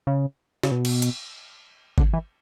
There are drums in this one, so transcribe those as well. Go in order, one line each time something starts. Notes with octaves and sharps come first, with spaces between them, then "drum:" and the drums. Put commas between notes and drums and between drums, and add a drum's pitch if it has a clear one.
C#3
C#3, drum: snare
B2
drum: cymbal
drum: hi-hat
D3, drum: kick G#1
E3